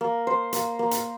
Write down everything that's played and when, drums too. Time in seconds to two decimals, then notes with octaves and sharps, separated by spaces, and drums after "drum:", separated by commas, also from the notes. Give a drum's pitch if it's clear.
0.01 A#3
0.27 C5
0.53 A#3, drum: hi-hat
0.79 A#3
0.91 drum: hi-hat